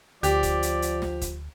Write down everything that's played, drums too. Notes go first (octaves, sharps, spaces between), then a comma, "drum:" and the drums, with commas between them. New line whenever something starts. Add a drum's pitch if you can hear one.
D2 F3 G4 D5, drum: hi-hat
drum: kick, hi-hat
drum: hi-hat
drum: hi-hat
drum: snare
drum: kick, hi-hat